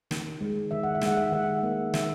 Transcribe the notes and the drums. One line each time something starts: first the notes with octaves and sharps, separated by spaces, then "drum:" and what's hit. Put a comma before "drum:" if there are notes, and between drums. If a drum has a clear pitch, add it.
D#3, drum: snare
G#3
D#3 E5
F#5
E5
G#3 F#5, drum: snare
E5
D#3 F#5
A#3
D#3 E5, drum: snare